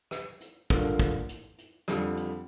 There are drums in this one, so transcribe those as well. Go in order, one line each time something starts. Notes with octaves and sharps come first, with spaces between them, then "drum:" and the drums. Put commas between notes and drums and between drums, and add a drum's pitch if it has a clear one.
drum: rim click
drum: hi-hat
G2 D3 F3 A#3, drum: kick, hi-hat
drum: kick, hi-hat
drum: hi-hat
drum: hi-hat
F2 D3 G3, drum: rim click
drum: hi-hat